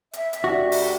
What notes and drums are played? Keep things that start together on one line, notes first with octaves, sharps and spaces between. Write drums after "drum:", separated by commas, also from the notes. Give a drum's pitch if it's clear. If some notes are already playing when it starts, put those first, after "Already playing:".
E5, drum: hi-hat
drum: hi-hat
D2 F#4 G4 D5
drum: open hi-hat